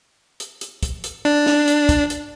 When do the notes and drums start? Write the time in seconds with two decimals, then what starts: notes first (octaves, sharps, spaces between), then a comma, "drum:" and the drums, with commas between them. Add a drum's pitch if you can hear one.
0.40 drum: hi-hat
0.61 drum: hi-hat
0.83 drum: kick, hi-hat
1.04 drum: hi-hat
1.25 D4
1.46 drum: snare
1.68 drum: hi-hat
1.89 drum: kick, hi-hat
2.10 drum: hi-hat